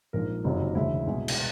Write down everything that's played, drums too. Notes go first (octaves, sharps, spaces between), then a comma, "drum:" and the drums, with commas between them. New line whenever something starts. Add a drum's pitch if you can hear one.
A#1 G#2 F3 A#3 A#4
F#1 F2 C3 D#3 F#3
E1 D2 C#3 E4
C2 B2 G#3
drum: cymbal